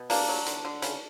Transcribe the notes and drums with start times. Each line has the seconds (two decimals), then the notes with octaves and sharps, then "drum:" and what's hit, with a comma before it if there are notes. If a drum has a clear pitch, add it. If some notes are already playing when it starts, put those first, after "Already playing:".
Already playing: B2
0.10 A#3 D4, drum: open hi-hat
0.29 F#3
0.46 D3, drum: hi-hat
0.65 D3
0.82 C#3, drum: hi-hat